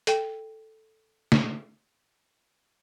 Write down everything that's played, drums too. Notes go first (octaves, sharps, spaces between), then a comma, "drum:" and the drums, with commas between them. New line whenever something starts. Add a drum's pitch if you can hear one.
A4 G5, drum: hi-hat
drum: snare